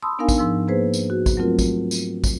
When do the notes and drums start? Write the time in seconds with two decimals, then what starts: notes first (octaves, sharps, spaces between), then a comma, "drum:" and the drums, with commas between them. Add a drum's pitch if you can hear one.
0.02 A5 B5 C6 D#6 E6
0.19 B3 D4 D#4 A#4 F5 G#5
0.29 drum: kick, tambourine
0.38 G#2 F3 E6
0.68 A#3 G#4 B4 C5
0.94 drum: tambourine
1.10 F#4
1.26 drum: kick, tambourine
1.37 F#3 A3 C4 F4 A#4
1.59 drum: kick, tambourine
1.91 drum: tambourine
2.24 drum: kick, tambourine